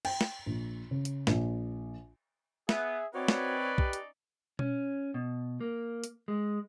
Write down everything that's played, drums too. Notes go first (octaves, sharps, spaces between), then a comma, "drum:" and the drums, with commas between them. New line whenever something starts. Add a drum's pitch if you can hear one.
G5, drum: cymbal
drum: snare
A#1
C#3
drum: hi-hat
A#1, drum: snare
B3 G#4 E5, drum: snare
C4 C#4 D#4 F#4 B4 C#5 D5
drum: snare
G4, drum: kick B1
drum: hi-hat
C#4, drum: tom B2
B2
A#3
drum: hi-hat
G#3